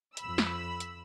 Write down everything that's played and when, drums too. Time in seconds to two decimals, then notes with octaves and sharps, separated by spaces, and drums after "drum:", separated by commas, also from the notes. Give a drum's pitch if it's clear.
0.17 F2 B5 E6, drum: hi-hat
0.38 drum: snare
0.80 drum: hi-hat